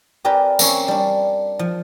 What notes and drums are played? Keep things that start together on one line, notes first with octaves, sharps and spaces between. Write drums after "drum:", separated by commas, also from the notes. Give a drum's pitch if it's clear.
C4 G4 A#4 B4 D5 G#5
A#3 C4 C#4 C#5, drum: tambourine
G3 D4
F3